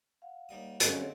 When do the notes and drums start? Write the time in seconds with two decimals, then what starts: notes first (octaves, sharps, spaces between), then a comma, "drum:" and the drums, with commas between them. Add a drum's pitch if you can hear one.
0.22 F5 F#5
0.49 D#2 G3 D#6
0.80 F#2 B2 D3 G#3 C#4 A#4 C#5, drum: hi-hat
0.98 C4